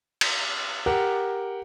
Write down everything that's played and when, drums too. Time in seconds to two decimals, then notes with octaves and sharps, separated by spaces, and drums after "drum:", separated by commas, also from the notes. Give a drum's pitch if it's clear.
0.21 drum: cymbal
0.86 G4 A#4 F#5